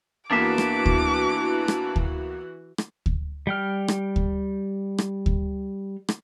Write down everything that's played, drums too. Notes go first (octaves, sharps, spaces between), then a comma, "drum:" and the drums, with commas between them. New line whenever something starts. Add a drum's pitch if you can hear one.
E2 E3 A#3 B3 D4 F#4 E5 D6
drum: rim click
drum: kick D2
drum: rim click
drum: kick D2
drum: rim click
drum: kick D2
G3 G5 F6
drum: rim click
drum: kick D2
drum: rim click
drum: kick D2
drum: rim click